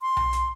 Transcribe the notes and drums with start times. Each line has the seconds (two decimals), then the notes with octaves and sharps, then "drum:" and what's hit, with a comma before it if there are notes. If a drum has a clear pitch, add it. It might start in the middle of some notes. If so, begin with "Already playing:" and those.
0.01 C6
0.17 drum: tom B1
0.33 drum: hi-hat